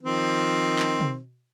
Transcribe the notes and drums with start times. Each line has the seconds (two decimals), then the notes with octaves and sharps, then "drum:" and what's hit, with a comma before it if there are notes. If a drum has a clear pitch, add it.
0.03 D#3 F3 C4
0.79 drum: clap
1.00 drum: tom